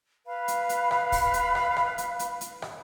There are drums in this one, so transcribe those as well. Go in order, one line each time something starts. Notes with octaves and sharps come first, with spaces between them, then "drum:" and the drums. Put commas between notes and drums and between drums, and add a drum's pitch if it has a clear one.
B4 F5 B5
drum: hi-hat
drum: hi-hat
drum: rim click
drum: kick, open hi-hat
drum: hi-hat
drum: rim click
drum: rim click
drum: hi-hat
drum: hi-hat
drum: hi-hat
drum: rim click